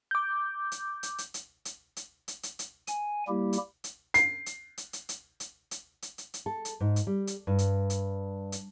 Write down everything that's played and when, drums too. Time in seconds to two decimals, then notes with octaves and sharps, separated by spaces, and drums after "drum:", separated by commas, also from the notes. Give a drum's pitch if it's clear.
0.11 D6 G6
0.72 drum: hi-hat
1.03 drum: hi-hat
1.18 drum: hi-hat
1.34 drum: hi-hat
1.65 drum: hi-hat
1.96 drum: hi-hat
2.28 drum: hi-hat
2.43 drum: hi-hat
2.59 drum: hi-hat
2.87 G#5, drum: hi-hat
3.28 G3 A#3 E4 G4
3.53 drum: hi-hat
3.84 drum: hi-hat
4.14 C7, drum: hi-hat
4.46 drum: hi-hat
4.78 drum: hi-hat
4.93 drum: hi-hat
5.09 drum: hi-hat
5.40 drum: hi-hat
5.71 drum: hi-hat
6.02 drum: hi-hat
6.18 drum: hi-hat
6.34 drum: hi-hat
6.46 A4
6.65 drum: hi-hat
6.80 G#2
6.96 drum: hi-hat
7.07 G3
7.27 drum: hi-hat
7.47 G2
7.59 drum: hi-hat
7.90 drum: hi-hat
8.52 drum: hi-hat